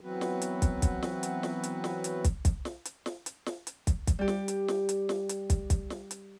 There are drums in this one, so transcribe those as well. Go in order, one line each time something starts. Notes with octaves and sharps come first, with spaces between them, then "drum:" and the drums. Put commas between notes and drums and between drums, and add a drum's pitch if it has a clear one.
E3 F#3 B3 C4 F#4 B4
drum: snare
drum: hi-hat
drum: kick, hi-hat
drum: kick, hi-hat
drum: snare
drum: hi-hat
drum: snare
drum: hi-hat
drum: snare
drum: hi-hat
drum: kick, hi-hat
drum: kick, hi-hat
drum: snare
drum: hi-hat
drum: snare
drum: hi-hat
drum: snare
drum: hi-hat
drum: kick, hi-hat
drum: kick, hi-hat
G3 G4
drum: snare
drum: hi-hat
drum: snare
drum: hi-hat
drum: snare
drum: hi-hat
drum: kick, hi-hat
drum: kick, hi-hat
drum: snare
drum: hi-hat